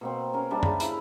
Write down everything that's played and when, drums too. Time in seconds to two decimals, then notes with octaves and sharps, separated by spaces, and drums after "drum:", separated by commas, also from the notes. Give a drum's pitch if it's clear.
0.01 B2 A#3 C4
0.33 C#4 A#4
0.51 G3 D4 E5
0.63 C#3, drum: tom F#2
0.80 E4 A#5 B5, drum: hi-hat